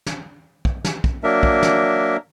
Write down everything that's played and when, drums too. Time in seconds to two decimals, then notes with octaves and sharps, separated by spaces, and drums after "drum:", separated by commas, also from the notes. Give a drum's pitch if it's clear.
0.06 drum: snare
0.65 drum: kick
0.85 drum: snare
1.04 drum: kick
1.24 F#3 A#3 D4 A#4 E5
1.43 drum: kick
1.63 drum: snare